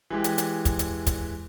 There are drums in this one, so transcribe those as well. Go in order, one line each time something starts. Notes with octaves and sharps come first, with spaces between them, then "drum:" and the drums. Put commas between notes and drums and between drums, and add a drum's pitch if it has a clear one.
E3 G#3 G4
drum: hi-hat
drum: hi-hat
drum: kick, hi-hat
drum: hi-hat
drum: kick, hi-hat